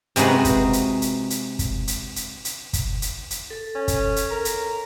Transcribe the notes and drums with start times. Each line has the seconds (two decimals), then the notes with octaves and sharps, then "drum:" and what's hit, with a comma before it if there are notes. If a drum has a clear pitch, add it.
0.16 C3 G#3 D#4 F#4 B4, drum: hi-hat
0.45 drum: kick, hi-hat
0.73 drum: hi-hat
1.02 drum: hi-hat
1.30 drum: hi-hat
1.59 drum: kick, hi-hat
1.88 drum: hi-hat
2.16 drum: hi-hat
2.45 drum: hi-hat
2.73 drum: kick, hi-hat
3.02 drum: hi-hat
3.31 drum: hi-hat
3.50 A4
3.75 C#4
3.88 drum: kick, hi-hat
4.16 drum: hi-hat
4.31 A#4
4.45 drum: hi-hat